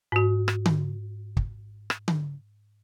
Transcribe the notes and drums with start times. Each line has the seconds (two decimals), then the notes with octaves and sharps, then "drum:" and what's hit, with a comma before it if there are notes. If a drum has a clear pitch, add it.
0.12 G#2 F#4
0.48 drum: rim click
0.66 drum: tom D3
1.37 drum: kick
1.90 drum: rim click
2.08 drum: tom D3